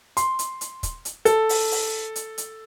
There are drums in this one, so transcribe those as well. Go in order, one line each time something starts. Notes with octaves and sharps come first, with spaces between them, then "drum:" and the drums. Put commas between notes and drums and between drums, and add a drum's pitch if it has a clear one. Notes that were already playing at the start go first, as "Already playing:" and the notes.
C6, drum: hi-hat
drum: hi-hat
drum: hi-hat
drum: kick, hi-hat
drum: hi-hat
A4, drum: hi-hat
drum: open hi-hat
drum: open hi-hat
drum: hi-hat
drum: hi-hat